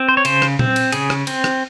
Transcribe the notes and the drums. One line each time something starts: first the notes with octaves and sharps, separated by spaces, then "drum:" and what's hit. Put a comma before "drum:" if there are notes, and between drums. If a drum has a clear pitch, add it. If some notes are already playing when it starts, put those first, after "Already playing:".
Already playing: C4
C5
C#5
C#3 C5, drum: cymbal
drum: rim click
C4, drum: tom A#2
drum: cymbal
C#3 G#4, drum: cymbal
drum: rim click
C4, drum: cymbal
drum: rim click